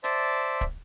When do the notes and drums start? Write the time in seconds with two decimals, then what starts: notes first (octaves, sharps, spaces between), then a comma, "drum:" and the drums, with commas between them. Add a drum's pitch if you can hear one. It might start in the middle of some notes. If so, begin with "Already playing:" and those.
0.04 C5 D5 E5 A5, drum: hi-hat
0.61 drum: kick D1